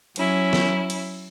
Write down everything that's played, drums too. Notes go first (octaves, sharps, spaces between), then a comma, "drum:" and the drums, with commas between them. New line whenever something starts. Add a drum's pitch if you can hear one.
F#3 C#4 E4, drum: cymbal
drum: snare
drum: cymbal